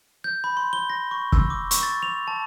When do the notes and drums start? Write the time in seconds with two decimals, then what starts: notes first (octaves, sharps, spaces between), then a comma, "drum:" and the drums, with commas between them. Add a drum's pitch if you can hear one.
0.24 G6
0.44 B5
0.57 C6
0.73 G7
0.90 A#6
1.11 C#6
1.32 E6, drum: kick
1.50 D6
1.71 C#6, drum: hi-hat
1.83 A6
2.03 F7
2.28 A5